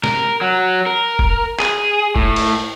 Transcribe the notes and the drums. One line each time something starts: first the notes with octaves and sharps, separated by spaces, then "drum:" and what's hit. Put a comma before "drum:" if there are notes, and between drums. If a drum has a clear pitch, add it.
A#4, drum: snare
F#3
A#4
drum: kick E1
G#4, drum: clap
A2, drum: kick E1
drum: cymbal